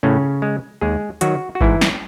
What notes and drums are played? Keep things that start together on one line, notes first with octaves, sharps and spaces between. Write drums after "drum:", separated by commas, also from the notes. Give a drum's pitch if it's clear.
A2 C#3 C#4
G#3
D#2 G#3 G#4
D#3 F#3 F#4, drum: hi-hat
F#4
G#2 E3 E4, drum: kick G#1
drum: snare